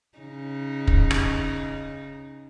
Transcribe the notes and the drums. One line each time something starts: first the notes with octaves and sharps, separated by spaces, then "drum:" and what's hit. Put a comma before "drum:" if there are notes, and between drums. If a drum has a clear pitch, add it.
C#3 D#4
drum: kick
drum: rim click